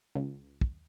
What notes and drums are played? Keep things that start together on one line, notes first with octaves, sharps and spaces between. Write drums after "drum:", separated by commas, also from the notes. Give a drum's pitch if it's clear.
C#2
drum: kick